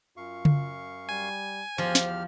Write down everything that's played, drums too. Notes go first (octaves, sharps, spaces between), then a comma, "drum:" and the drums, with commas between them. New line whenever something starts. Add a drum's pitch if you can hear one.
F#2 F4 F5 C#6
drum: tom C#3
G3 G#5
E2 F3 G4 C5 F6
drum: snare